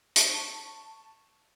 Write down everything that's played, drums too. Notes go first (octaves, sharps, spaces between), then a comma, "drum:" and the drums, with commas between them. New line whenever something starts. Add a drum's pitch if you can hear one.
A5 C#6, drum: hi-hat